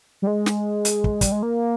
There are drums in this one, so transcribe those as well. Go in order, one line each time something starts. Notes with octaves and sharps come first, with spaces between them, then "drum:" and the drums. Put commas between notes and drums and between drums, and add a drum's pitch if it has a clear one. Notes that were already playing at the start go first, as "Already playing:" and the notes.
G3
G#3
drum: snare
drum: hi-hat
drum: kick
G3, drum: kick, hi-hat
G#3
A#3